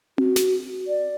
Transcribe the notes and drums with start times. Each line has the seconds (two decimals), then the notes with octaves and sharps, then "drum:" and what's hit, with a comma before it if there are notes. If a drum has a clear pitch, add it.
0.18 F#4, drum: tom C4
0.36 drum: snare
0.88 D5